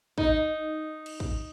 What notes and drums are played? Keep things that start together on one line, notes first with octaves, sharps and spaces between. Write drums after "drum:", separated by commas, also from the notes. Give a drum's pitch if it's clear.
D#4, drum: kick
drum: cymbal
drum: kick